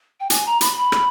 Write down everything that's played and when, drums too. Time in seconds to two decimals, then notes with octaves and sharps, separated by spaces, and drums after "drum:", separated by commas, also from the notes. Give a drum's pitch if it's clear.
0.20 G5
0.30 G#5, drum: hi-hat
0.46 A#5
0.61 B5, drum: hi-hat
0.77 B5
0.92 drum: rim click